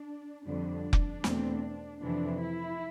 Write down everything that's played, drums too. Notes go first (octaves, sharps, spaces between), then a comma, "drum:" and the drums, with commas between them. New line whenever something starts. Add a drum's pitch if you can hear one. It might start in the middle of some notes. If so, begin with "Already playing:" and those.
Already playing: D4
F2 D3 G3 D4
drum: kick F1
E2 B2 A3 C4, drum: snare
F2 C3 E3 D4
E4